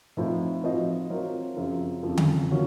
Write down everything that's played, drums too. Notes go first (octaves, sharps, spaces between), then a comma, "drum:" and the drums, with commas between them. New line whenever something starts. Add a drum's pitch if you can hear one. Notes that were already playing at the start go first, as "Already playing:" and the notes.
A2 F3 C4 D#4
F3 C4 F#4 C5 D#5
F#3 C4 F4 A#4
F#2 C#3 F3 C4 F4
F2 C#3 F3
drum: tom D3
C3 F3 A#3 C#4 F#4